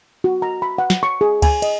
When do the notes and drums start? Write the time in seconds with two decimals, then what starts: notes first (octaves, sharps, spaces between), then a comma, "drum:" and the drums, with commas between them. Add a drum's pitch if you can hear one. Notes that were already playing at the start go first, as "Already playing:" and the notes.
0.24 F#4
0.42 A#5
0.62 B5
0.78 F#5
0.90 drum: snare
1.03 C#6
1.21 G#4
1.42 G#5, drum: kick, cymbal
1.62 D#5, drum: cymbal